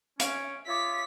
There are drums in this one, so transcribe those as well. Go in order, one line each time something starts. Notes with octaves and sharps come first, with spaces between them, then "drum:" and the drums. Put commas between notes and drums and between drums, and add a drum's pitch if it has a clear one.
C#4 D7, drum: hi-hat
F4 C#5 E5 D6 D#6 A#6 B6